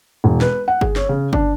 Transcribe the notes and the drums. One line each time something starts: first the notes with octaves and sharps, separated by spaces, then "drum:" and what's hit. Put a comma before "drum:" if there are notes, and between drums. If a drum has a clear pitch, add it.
E1
B4, drum: snare
F#5
G#4, drum: kick G1
C#5, drum: snare
C#3
D4, drum: kick G1